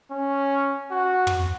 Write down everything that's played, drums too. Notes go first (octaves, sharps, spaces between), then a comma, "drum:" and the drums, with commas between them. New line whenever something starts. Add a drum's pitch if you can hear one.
C#4
F#4
drum: tom